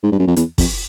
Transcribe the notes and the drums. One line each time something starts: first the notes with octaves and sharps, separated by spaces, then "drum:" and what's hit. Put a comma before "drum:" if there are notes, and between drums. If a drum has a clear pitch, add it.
G#2
G2
F#2
F2
E2, drum: hi-hat
F2, drum: kick, open hi-hat